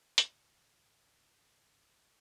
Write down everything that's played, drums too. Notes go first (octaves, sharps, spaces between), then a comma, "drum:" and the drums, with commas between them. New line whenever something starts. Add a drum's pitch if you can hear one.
G#1 C#2, drum: hi-hat